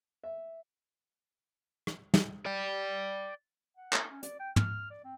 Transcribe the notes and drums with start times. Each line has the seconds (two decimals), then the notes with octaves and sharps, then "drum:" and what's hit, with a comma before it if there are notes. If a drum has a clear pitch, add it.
0.24 E5
1.87 drum: rim click
2.14 drum: snare
2.46 D5 G5
3.77 F#5
3.93 D#4, drum: clap
4.10 C#4
4.23 D5, drum: hi-hat
4.40 G5
4.56 F6, drum: tom
4.91 D5
5.04 C4